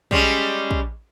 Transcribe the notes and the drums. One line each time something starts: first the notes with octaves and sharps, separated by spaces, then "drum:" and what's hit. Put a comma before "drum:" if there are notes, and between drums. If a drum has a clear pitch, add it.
G3 G#3 C#4, drum: kick
drum: kick